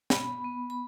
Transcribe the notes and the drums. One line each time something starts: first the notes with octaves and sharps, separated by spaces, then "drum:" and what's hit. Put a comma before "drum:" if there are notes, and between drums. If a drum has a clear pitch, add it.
B3 B5, drum: snare
B3
B5